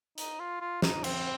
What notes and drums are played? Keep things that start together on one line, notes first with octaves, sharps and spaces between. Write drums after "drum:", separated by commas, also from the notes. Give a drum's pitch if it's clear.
D#4, drum: hi-hat
F4
F4
D#4, drum: snare
C4, drum: cymbal